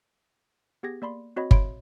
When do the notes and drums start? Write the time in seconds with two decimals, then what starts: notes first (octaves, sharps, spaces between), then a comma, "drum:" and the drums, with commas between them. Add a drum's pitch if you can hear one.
0.83 B3 G4 G#4 G#6 A#6
1.02 A#3 D5 B5 C6
1.36 C4 F#4 C#5 D#5 B5
1.51 C#5 E5 B5 C6 D7, drum: kick G1